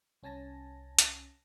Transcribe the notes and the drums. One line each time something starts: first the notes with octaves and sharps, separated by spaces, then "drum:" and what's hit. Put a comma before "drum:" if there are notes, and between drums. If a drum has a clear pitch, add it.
C2 C#4 G#5 A5 A#6
drum: hi-hat